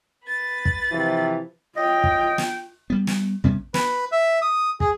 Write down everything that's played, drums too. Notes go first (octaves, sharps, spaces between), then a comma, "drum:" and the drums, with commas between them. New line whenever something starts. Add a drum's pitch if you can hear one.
B4 A6
drum: kick
C3 E3 F3
F4 D#5 G5
drum: kick
drum: snare
G3 B3
drum: snare
C3 G3 B3 C#4, drum: kick
B4, drum: snare
E5
D#6
G#4, drum: kick